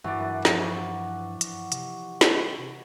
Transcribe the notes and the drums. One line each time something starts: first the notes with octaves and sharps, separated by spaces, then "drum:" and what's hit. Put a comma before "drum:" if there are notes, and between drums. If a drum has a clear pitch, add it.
G2 E3 F#4 D5
F#2
F3 F#5, drum: snare
drum: hi-hat
C3, drum: hi-hat
drum: snare